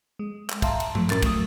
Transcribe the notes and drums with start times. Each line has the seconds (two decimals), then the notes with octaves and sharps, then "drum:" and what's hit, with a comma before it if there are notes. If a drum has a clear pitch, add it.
0.19 G#3
0.50 drum: clap
0.62 E5 F5 A5 A#5 C6, drum: kick, cymbal
0.80 drum: cymbal
0.95 F3 F#3 A3, drum: tom G2
1.10 A2 F#3 C#4 A#4 A6, drum: clap
1.22 F#3 A3 D#6, drum: kick, cymbal